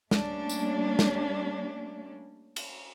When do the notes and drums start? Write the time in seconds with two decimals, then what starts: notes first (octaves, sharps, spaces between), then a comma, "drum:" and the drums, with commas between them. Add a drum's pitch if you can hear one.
0.11 G3 A3 A#3 C#4 D4, drum: snare
0.49 drum: tambourine
0.99 drum: snare
2.56 drum: cymbal